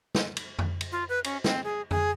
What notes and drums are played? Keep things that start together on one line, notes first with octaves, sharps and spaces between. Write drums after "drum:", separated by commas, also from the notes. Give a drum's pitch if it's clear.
drum: snare
drum: cymbal
drum: tom F2
drum: cymbal
F4
B4
C#4, drum: cymbal
C4, drum: snare
G#4
G#4, drum: tom F2